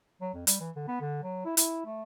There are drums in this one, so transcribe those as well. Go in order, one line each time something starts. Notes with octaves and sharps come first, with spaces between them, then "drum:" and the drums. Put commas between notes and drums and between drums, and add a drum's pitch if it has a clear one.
F#3
F2
G3, drum: hi-hat
E3
D3
B3
D3
F#3
E4
E4, drum: hi-hat
A3